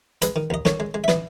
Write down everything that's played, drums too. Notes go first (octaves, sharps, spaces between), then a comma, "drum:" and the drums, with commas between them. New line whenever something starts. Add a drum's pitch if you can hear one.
G#3 B4 D#5, drum: hi-hat
D#3
D#2 D#5
D#3 A4 C#5, drum: snare
G#3
G#3
E5
E3 B4 D#5, drum: snare